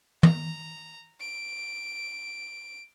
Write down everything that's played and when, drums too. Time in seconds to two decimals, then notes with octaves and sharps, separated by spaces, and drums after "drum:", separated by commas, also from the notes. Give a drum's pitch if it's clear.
0.23 A#5, drum: tom
1.20 D7